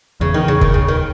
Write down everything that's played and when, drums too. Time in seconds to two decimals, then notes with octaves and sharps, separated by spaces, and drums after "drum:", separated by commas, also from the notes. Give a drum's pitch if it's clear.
0.21 E2 C#3
0.34 D#3
0.48 C#3
0.61 D#3, drum: kick
0.74 C#3
0.88 D#3